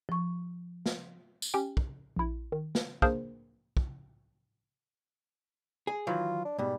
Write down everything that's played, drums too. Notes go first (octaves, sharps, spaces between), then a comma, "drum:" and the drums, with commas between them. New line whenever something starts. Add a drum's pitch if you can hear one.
F3 C#6
drum: snare
drum: tambourine
C#4 G4 G5
drum: kick
A#1 E4
D#3
drum: snare
A#3 D4 G#4 A#4 C5, drum: kick
drum: kick
G#4
D#3 E3 F#3 F4
D4
G#2 B2 G3